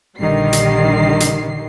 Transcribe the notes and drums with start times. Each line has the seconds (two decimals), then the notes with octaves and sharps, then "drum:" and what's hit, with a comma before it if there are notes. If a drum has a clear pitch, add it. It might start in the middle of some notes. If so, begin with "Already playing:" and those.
0.19 A#1 D3 D#3 G3 C7
0.53 drum: hi-hat
1.20 drum: hi-hat